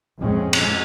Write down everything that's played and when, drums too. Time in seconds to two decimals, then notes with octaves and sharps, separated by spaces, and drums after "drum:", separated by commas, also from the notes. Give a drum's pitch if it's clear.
0.19 F2 A2 G#3 C4 C#4
0.53 drum: cymbal